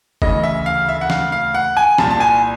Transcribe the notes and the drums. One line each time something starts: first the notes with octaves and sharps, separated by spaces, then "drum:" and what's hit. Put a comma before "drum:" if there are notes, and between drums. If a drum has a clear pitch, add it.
D2 C#3 E3 D#5, drum: kick
E5
F5
E5
F#5
F5, drum: snare
F5
F#5
G#5
C2 A#2 A5, drum: snare
A5
G#5